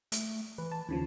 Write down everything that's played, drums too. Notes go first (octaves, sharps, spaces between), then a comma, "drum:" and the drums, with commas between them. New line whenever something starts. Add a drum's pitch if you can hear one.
A3, drum: hi-hat
E3 B4
A5
D#2 C#3 F3 E4